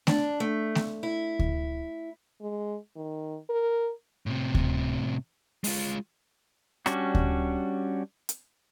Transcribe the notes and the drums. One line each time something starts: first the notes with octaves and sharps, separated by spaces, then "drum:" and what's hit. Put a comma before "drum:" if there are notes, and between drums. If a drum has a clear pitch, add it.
D4, drum: snare A3
A3
drum: snare A3
E4
drum: kick D2
G#3
D#3
A#4
A2 C3
drum: kick D2
G#3 F4, drum: open hi-hat
G3 C#4 D4 F#4, drum: rim click
drum: kick D2
drum: hi-hat